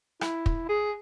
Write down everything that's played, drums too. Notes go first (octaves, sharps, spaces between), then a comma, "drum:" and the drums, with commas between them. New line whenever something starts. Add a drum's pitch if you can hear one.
E4, drum: rim click
drum: kick
G#4